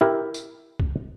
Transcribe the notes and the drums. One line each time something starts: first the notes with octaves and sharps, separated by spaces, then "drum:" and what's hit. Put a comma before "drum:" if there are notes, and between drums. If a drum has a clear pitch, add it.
E4 G4 A#4
drum: tambourine
drum: kick